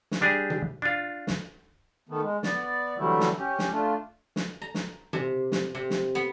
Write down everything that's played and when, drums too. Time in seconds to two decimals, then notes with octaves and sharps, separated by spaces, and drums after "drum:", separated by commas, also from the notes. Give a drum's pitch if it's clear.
0.11 drum: snare
0.21 G3 D4 G4 G#4
0.50 drum: tom B2
0.82 D4 F4
1.27 drum: snare
2.09 D#3 A3 B3
2.22 G#3
2.43 B3 D5, drum: snare
2.97 D3 E3 F#3 G3 A3 E4
3.20 drum: snare
3.38 C#4 G4
3.59 drum: snare
3.71 A3 D4 F4
4.36 drum: snare
4.62 A#5
4.74 drum: snare
5.13 C3, drum: tom B2
5.52 drum: snare
5.75 C3
5.90 drum: snare
6.15 B3